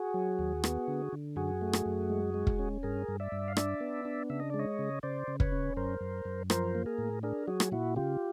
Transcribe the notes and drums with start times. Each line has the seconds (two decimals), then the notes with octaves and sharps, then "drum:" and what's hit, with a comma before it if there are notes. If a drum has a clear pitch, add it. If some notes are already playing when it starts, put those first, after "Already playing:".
Already playing: F#4 G#4
0.14 F#3
0.39 D#2
0.64 B3, drum: rim click
0.88 D3
1.13 D3
1.36 F#2 F#4 G#4
1.61 A3
1.73 drum: rim click
1.86 F#2
2.10 G#3
2.34 G#3
2.47 drum: kick
2.59 C#4
2.83 G2 G#4 A#4
3.08 G2
3.20 D5 E5
3.32 G2
3.48 F5
3.57 D4 D5 E5, drum: rim click
3.81 B3
4.05 D4
4.30 C#3 E5
4.40 D#5
4.50 G#3 D5
4.59 C#5 D#5
4.79 C#3
5.03 C#3 C5 D5
5.28 C#3
5.40 B4 C#5, drum: kick
5.52 C#4
5.76 F#2 A#4 C5
6.01 F#2
6.25 F#2
6.50 F3 A#4 C5, drum: rim click
6.75 A#3
6.86 G#4 A#4
6.98 A2
7.23 D4 G#4 A#4
7.47 F#3 F#4 G#4
7.60 drum: rim click
7.72 A#2 E4 F#4
7.96 C#3 F4 G4